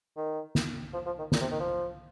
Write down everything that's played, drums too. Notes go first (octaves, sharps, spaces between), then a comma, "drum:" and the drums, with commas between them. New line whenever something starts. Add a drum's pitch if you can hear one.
D#3
drum: snare
F3
F3
D#3
A#2, drum: snare
C3
D#3
F3